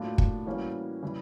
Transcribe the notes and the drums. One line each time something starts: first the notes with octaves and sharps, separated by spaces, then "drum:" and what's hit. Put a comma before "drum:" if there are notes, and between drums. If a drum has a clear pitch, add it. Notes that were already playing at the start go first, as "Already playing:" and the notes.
Already playing: A2 F#3 A#3 D4 F4
drum: kick
E3 G3 A#3 C#4 F#4
C#3 E3 G3